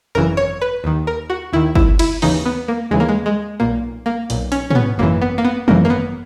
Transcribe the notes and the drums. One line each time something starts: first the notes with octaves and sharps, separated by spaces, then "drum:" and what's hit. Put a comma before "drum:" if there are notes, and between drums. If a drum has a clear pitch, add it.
G#1 F#2 C#3 E3 A#4
C#5
B4
D#2 D#3
A#4
F#4
D#2 D#3 E4
E4, drum: kick
E4, drum: cymbal
D#2 C#3 E3 D#4, drum: open hi-hat
B3
A#3
D#2 C#3 E3 G#3
A#3
G#3
G#3
B1 A#2 A#3
A#3
B1 A#2, drum: hi-hat
C#4, drum: hi-hat
C#4, drum: tom
B3
G#1 F#2 C#3 E3 A#3
B3
A#3
B3
G#1 F#2 C#3 E3 A#3, drum: tom
A#3
B3